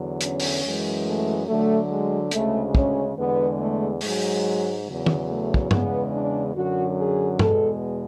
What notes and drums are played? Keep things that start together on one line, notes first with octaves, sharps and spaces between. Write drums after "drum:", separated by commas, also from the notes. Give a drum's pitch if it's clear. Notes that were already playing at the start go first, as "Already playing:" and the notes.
Already playing: E2 D3 F#3
C#4, drum: hi-hat
drum: open hi-hat
F#2 E3 G#3
A3
D2 D3 F#3 A3
G#3
D2 C#3 G#3 A3, drum: hi-hat
C#4, drum: kick
E2 D3 G#3 B3
A3
G#2 F#3 G#3, drum: open hi-hat
E2 C#3 F#3
drum: tom
A3
drum: kick
E2 C#3 G#3 B3, drum: tom G2
D4
F#2 D3 F#3 F#4
G#4
E2 B2 G#3 A4, drum: tom G2